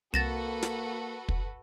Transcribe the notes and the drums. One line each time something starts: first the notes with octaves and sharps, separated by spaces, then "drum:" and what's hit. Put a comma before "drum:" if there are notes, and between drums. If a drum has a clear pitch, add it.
C2 A#3 F#4 A4 B4 A6 A#6 E7
drum: snare
drum: kick